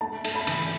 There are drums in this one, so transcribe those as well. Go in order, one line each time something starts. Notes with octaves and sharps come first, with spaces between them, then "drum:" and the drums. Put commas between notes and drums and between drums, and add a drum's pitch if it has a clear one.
A3 A5
A3, drum: cymbal
B5
E3, drum: cymbal